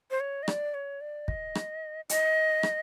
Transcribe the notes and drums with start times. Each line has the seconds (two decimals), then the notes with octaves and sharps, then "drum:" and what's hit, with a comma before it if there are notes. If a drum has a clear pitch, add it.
0.11 C5
0.20 C#5
0.43 D#5
0.48 D5, drum: rim click
0.74 C#5
1.01 D5
1.28 D#5, drum: kick
1.55 drum: rim click
2.09 D#5, drum: hi-hat
2.63 drum: rim click